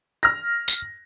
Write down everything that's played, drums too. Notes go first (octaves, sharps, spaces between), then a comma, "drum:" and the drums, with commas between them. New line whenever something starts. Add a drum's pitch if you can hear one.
F6 A#6
drum: tambourine